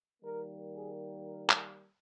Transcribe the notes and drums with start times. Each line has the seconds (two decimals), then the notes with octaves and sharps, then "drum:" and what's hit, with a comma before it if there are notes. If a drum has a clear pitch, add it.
0.22 D#3 G3 A#3 A#4
0.73 G#4
1.25 A#4
1.49 drum: clap